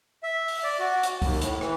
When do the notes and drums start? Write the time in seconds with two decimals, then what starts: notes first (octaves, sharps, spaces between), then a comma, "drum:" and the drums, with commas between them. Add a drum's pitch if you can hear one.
0.23 E5
0.48 drum: open hi-hat
0.63 D5
0.79 F#4
1.03 drum: hi-hat
1.22 D#2, drum: kick C#2, open hi-hat
1.41 A2, drum: hi-hat
1.61 E3, drum: rim click